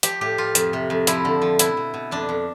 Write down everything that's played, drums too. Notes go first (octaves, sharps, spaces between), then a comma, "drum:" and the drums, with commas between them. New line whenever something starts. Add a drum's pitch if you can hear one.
F3 G4, drum: hi-hat
A2 G4
F3 F4
F2, drum: hi-hat
C3
F2
F3 E4, drum: hi-hat
D3
F3
B2 E4, drum: hi-hat
B2
B2
F2 D4
F2